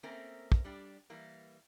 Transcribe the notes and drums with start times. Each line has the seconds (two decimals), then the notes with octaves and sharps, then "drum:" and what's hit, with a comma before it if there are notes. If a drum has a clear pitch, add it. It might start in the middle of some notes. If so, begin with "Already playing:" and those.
0.03 A3 A#3 C4 C#4 A#4
0.52 drum: kick
0.64 G3 D4 G4
1.10 E3 G3 A#3